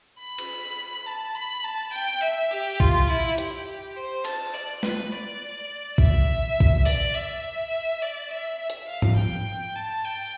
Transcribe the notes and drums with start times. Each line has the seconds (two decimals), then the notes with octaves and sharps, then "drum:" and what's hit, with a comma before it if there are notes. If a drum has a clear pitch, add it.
0.20 B5
0.38 drum: cymbal
1.06 A5
1.35 B5
1.64 A5
1.93 G5
2.22 E5
2.51 G4
2.80 F4, drum: kick
3.10 E4
3.38 G4, drum: hi-hat
3.97 C5
4.25 A5, drum: cymbal
4.54 D5
4.83 B4, drum: snare
5.12 D5
5.98 E5, drum: kick
6.60 drum: kick
6.86 D5, drum: open hi-hat
7.14 E5
8.02 D5
8.30 E5
8.59 E5
8.70 drum: hi-hat
8.89 F5
9.02 drum: tom G#2
9.18 G5
9.76 A5
10.05 G5